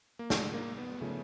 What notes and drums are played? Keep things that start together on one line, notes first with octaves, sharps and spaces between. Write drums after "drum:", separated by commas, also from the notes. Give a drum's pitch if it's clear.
A#3
D3 F3 G#3 A3 C#4, drum: snare
A#3
B3
C#3 F3 A3